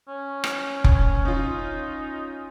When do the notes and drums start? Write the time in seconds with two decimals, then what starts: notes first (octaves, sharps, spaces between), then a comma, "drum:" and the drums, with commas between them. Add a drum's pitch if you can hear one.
0.08 C#4
0.44 drum: rim click
0.84 drum: kick F1
1.25 C#4 D#4 F4